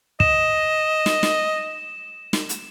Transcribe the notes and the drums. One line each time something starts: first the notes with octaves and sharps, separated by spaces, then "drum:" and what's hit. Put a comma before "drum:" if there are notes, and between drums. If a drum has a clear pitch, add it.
D#5 E7, drum: kick
drum: snare
drum: snare
drum: snare
drum: hi-hat